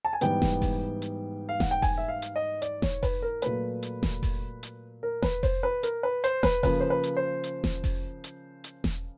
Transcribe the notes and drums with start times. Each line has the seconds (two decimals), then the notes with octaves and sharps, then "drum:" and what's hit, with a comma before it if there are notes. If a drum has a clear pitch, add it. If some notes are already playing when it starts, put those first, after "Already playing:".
0.05 A5
0.13 G#5
0.21 G#2 E3 G3 B3 G5, drum: hi-hat
0.42 drum: snare E1
0.62 drum: kick F1, open hi-hat
1.02 drum: hi-hat
1.49 F5
1.60 F#5, drum: snare E1
1.71 G5
1.82 G#5, drum: kick F1, open hi-hat
1.98 E5
2.08 F5
2.22 drum: hi-hat
2.36 D#5
2.62 D5, drum: hi-hat
2.82 C#5, drum: snare E1
3.03 B4, drum: kick F1, open hi-hat
3.22 A#4
3.42 A#2 F#3 A3 B4, drum: hi-hat
3.83 drum: hi-hat
4.03 drum: snare E1
4.23 drum: kick F1, open hi-hat
4.63 drum: hi-hat
5.03 A#4
5.22 B4, drum: snare E1
5.43 C5, drum: kick F1, open hi-hat
5.63 B4
5.83 A#4, drum: hi-hat
6.03 B4
6.24 C5, drum: hi-hat
6.43 B4, drum: snare E1
6.63 C#3 F3 A#3 B4, drum: kick F1, open hi-hat
6.80 C5
6.90 B4
7.03 drum: hi-hat
7.17 C5
7.44 drum: hi-hat
7.64 drum: snare E1
7.84 drum: kick F1, open hi-hat
8.24 drum: hi-hat
8.64 drum: hi-hat
8.84 drum: snare E1